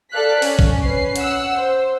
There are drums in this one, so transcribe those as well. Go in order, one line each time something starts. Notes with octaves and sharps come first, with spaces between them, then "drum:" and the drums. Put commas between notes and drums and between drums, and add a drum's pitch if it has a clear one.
A4 D5 F5 F#6 B6
C#4, drum: open hi-hat
drum: kick A#1
C#4 B4 C7
F#5 E6, drum: hi-hat
C5